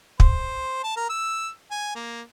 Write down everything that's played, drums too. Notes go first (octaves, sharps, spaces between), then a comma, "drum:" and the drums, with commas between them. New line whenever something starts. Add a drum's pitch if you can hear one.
C5, drum: kick
A5
A#4
E6
G#5
A#3